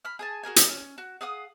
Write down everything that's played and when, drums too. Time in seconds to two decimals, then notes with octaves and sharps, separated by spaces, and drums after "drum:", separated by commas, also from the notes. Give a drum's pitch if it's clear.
0.05 B5 F6
0.19 G#4 G#5 A5
0.43 F#4 G#4 A#4 G#5
0.56 drum: hi-hat
0.69 C#4
0.98 F#4
1.21 G#4 F5 F#5 D#6